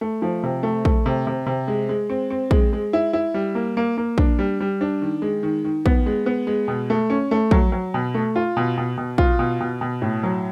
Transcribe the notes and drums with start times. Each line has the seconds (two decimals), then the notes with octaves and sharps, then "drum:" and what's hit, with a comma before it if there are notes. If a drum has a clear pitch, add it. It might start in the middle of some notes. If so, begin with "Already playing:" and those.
0.01 A3
0.22 F3
0.43 C3
0.63 A3
0.85 A3, drum: kick
1.06 C3
1.27 C3
1.46 C3
1.68 G#3
1.89 G#3
2.10 C4
2.30 C4
2.51 G#3, drum: kick
2.73 G#3
2.93 E4
3.13 E4
3.34 G3
3.55 A#3
3.77 A#3
3.98 A#3
4.18 D4, drum: kick
4.39 G3
4.60 G3
4.81 D4
5.01 D#3
5.22 G#3
5.43 D#3
5.64 D#3
5.86 B3, drum: kick
6.06 G#3
6.26 B3
6.47 G#3
6.68 B2
6.90 A3
7.10 C#4
7.31 A3
7.51 F#3, drum: kick
7.72 F#3
7.94 B2
8.14 A3
8.36 F4
8.57 B2
8.78 B2
8.98 B2
9.18 F4, drum: kick
9.39 B2
9.60 B2
9.81 B2
10.02 A2
10.23 F#3